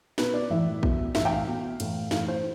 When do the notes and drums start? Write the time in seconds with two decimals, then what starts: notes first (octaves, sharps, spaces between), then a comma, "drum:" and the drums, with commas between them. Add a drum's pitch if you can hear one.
0.18 B2 B4, drum: snare
0.34 D5
0.50 A2 E3 E5, drum: tom E3
0.83 B2, drum: kick A1
1.15 A2 E3 E5, drum: snare
1.25 G5
1.32 F5
1.47 B2
1.80 A2 E3, drum: cymbal
2.11 A2 E3 F5, drum: snare
2.28 C5